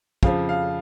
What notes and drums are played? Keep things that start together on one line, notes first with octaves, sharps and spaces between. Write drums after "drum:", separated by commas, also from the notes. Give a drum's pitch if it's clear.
F2 C#3 F3 F5, drum: kick
F5